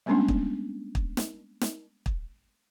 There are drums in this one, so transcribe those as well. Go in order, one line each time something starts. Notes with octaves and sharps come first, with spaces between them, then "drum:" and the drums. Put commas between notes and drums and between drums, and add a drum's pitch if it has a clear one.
G3 G#3 A#3 B3 C#4 D4
drum: kick
drum: kick
drum: snare
drum: snare
drum: kick